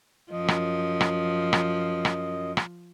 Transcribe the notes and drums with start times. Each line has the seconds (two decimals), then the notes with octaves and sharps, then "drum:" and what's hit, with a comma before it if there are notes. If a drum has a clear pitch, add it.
0.31 F#2 F3 D#5
0.48 drum: rim click
1.01 drum: rim click
1.53 drum: rim click
2.05 drum: rim click
2.57 drum: rim click